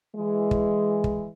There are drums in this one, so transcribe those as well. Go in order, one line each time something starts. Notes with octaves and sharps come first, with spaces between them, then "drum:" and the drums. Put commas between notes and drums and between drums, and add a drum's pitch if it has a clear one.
E3 G#3
drum: kick
drum: kick